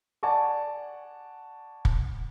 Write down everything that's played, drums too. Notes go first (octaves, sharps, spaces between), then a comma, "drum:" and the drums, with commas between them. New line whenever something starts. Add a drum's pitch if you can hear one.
D5 F#5 G#5 A5 C#6 D6
drum: kick